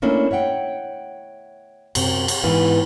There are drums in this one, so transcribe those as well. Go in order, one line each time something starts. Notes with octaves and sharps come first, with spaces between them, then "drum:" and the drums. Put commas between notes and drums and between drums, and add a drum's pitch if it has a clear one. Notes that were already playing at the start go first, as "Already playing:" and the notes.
A3 A#3 C#4 D4 E4
C#5 E5 F#5 G5
F#2 C3, drum: cymbal
drum: cymbal
G#2 E3 B3 E4 B4 F5